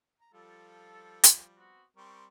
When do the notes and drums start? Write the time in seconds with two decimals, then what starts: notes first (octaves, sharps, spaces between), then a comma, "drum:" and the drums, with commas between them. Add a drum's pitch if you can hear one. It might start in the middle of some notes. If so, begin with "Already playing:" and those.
0.21 A#5
0.34 F3 G3 F4 A4
1.24 drum: hi-hat
1.57 B3 C4 F#4
1.96 G3 C4 A#4 C6 C#6